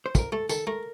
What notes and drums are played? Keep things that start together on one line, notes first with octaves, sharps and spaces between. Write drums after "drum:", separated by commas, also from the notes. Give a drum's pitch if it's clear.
C5
F2 A#4, drum: kick, tambourine
A3 A4
D#3 A4, drum: tambourine
A3 A#4